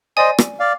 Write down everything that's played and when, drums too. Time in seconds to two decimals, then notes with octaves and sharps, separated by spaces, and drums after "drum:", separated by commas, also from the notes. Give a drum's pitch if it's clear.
0.17 C5 D5 D#5 G#5 D#6
0.38 drum: rim click
0.59 D5 F5